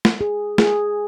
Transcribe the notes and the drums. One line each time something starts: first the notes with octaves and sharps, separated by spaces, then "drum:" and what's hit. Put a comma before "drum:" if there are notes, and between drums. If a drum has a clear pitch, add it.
drum: snare
G#4
G#4, drum: snare